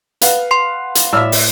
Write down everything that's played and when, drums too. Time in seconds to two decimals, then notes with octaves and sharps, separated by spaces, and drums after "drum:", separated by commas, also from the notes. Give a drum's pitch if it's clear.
0.22 B4 F5 F#5, drum: hi-hat
0.51 C6 C7
0.95 drum: hi-hat
1.13 A2 D5 E5 E6 F6
1.32 drum: open hi-hat